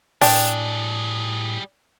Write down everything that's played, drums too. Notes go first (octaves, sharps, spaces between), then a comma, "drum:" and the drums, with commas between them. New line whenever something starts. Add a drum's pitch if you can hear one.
A2 G3 D4 G#4 G5, drum: open hi-hat